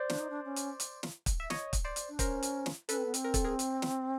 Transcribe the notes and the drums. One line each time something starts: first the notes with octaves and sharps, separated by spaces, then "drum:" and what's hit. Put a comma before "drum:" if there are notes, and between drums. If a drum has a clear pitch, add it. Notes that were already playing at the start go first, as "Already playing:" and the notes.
Already playing: C5 D5
D4, drum: snare
D#4
D4
C#4
drum: hi-hat
drum: hi-hat
drum: snare
drum: kick, hi-hat
E5
C#5 D#5, drum: snare
drum: kick, hi-hat
C5 D5
drum: hi-hat
D4
C#4 A#4 C5, drum: kick, hi-hat
drum: hi-hat
drum: snare
C#4 A4 B4, drum: hi-hat
C4
B3
C4, drum: hi-hat
A#4
A4, drum: kick, hi-hat
G#4 A#4
drum: hi-hat
drum: snare